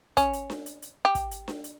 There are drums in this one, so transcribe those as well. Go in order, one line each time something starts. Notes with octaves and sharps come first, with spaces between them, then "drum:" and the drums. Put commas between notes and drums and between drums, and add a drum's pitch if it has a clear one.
C#4, drum: kick, hi-hat
drum: hi-hat
drum: snare D4
drum: hi-hat
drum: hi-hat
G4
drum: kick, hi-hat
drum: hi-hat
drum: snare D4
drum: hi-hat